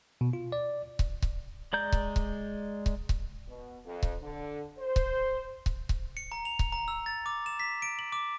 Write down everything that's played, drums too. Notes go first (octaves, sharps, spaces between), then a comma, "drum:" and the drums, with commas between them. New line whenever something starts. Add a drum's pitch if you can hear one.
B2
F4
D5
drum: kick C#1
drum: kick C#1
G#3 D5 A#5 G6
drum: kick C#1
drum: kick C#1
drum: kick C#1
drum: kick C#1
B2
F2
drum: kick C#1
D3
C5
drum: kick C#1
drum: kick C#1
drum: kick C#1
C#7
A#5
F7
drum: kick C#1
A#5
E6
A6
D6
E7
B6
D7
F#7
D6